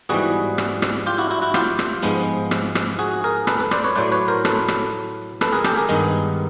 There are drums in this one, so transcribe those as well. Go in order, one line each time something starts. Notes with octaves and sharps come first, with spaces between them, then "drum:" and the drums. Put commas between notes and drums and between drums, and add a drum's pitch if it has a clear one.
G#2 E3 G3 B3 F#4 G#4
drum: rim click
drum: rim click
F4 G4
E4 F#4
E4 F#4
E4 F#4
F4 G4, drum: rim click
drum: rim click
G#2 F3 G#3 B3
drum: rim click
drum: rim click
F#4 G#4
G#4 A#4
A4 B4, drum: rim click
A4 B4
C5 D5, drum: rim click
B4 C#5
A2 F#3 A3 C5 D5
B4 C#5
A#4 C5
A4 B4, drum: rim click
drum: rim click
A4 B4, drum: rim click
G#4 A#4
G4 A4, drum: rim click
G#4 A#4
G2 D#3 G#3 B3